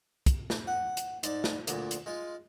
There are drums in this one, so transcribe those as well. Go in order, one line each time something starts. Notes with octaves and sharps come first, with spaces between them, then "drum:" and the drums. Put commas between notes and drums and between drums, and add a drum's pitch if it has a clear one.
drum: kick, hi-hat
drum: snare
F#5
drum: hi-hat
G#2 D5, drum: hi-hat
drum: snare
D2 A#2, drum: hi-hat
drum: hi-hat
G#3 F4